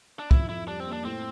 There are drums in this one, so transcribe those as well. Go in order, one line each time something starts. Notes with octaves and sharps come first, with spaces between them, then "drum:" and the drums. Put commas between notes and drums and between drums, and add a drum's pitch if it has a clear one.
D4
F2 E4, drum: kick
F2 E4
G3 D4
C4
A#3
D4
A2 C4